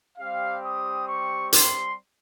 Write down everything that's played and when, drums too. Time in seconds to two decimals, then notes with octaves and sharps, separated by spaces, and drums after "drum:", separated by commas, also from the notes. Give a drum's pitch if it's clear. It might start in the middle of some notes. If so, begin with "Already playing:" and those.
0.17 G3 C4 G4 F5
0.63 D#6
1.08 C#6
1.53 C6, drum: hi-hat